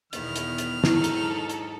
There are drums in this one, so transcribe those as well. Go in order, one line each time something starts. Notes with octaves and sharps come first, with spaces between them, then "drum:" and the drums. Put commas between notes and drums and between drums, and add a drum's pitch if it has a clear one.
E2 B2 D#3 B3 F6, drum: hi-hat
drum: hi-hat
drum: hi-hat
G#2 F#3 D#4 E4 A4, drum: snare
drum: hi-hat
drum: hi-hat